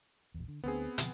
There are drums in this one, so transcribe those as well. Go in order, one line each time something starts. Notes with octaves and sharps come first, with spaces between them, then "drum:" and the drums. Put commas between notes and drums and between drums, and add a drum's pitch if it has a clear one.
A#1 E2
D3
D2 F3 B3 C4 D4 G#4
B2 D3 F3, drum: hi-hat